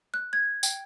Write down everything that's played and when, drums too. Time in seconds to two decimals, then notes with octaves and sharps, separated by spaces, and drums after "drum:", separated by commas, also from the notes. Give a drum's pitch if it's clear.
0.14 F#6
0.33 G#6
0.63 G5, drum: tambourine